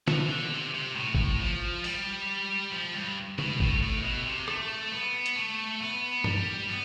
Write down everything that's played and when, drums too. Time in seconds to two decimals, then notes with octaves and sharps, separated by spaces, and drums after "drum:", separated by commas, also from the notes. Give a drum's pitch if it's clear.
0.08 E3, drum: snare
0.29 D3
0.51 C3
0.74 C3
0.96 A2
1.15 drum: kick G#1
1.40 F3
1.84 G3, drum: open hi-hat
2.72 F3
2.94 G2
3.39 B2, drum: tom C3
3.60 A2, drum: kick G#1
3.82 A2
4.04 B2
4.26 C3
4.48 A3, drum: rim click
4.92 B3
5.26 drum: hi-hat
5.36 A3
5.81 B3
6.24 G3, drum: tom G2
6.69 B3